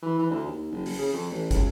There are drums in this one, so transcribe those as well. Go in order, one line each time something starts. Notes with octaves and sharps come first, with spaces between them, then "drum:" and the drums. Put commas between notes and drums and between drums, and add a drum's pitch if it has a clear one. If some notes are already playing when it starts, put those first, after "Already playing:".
E3
E3
D2
D#2
F#1
F#1, drum: open hi-hat
C#3
F2
A1
C#2, drum: kick, hi-hat